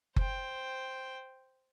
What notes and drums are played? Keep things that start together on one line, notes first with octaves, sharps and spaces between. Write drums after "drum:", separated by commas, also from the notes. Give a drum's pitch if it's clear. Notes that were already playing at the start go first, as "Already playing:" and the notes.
C5 G5, drum: kick F#1